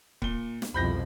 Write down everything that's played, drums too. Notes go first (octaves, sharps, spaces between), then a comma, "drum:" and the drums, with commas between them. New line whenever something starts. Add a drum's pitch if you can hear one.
A#2 G7, drum: kick C#1
drum: snare
C2 F2 B2 B5 G6 A#6